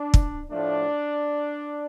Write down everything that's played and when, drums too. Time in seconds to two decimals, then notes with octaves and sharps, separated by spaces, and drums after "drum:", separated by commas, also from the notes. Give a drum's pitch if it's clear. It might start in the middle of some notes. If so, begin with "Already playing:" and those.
Already playing: D4
0.14 drum: kick
0.51 A2 F3 A3 D4